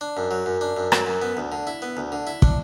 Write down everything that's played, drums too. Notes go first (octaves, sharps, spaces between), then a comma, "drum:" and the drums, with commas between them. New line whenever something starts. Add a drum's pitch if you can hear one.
D4
F#2
F#3
F#2
D4
F#2
F#3, drum: rim click
F#2
B3
D2
D3
E4
B3
D2
D3
E4
D4, drum: kick